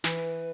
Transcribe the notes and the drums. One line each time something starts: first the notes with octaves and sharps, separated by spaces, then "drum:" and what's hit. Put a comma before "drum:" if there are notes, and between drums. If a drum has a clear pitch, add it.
E3 B4, drum: snare